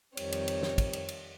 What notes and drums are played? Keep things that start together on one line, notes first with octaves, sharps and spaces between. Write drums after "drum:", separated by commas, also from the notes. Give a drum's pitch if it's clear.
F2 D#3 G3 C4 C#5, drum: cymbal
drum: cymbal
drum: cymbal
drum: snare
drum: kick, cymbal
drum: cymbal
drum: cymbal